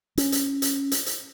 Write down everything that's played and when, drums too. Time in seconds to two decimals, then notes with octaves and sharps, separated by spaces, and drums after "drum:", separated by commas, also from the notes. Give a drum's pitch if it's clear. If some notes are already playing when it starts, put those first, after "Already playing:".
0.17 C#4, drum: hi-hat
0.32 drum: hi-hat
0.62 drum: hi-hat
0.92 drum: hi-hat
1.06 drum: hi-hat